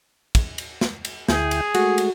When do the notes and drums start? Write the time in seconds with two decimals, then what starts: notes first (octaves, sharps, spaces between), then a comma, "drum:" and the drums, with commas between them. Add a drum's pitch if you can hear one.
0.35 drum: kick, cymbal
0.58 drum: cymbal
0.81 drum: snare
1.05 drum: cymbal
1.29 D2 E4 G#4 G5, drum: snare
1.51 drum: cymbal
1.74 G#3 A3 F#4, drum: cymbal
1.98 drum: cymbal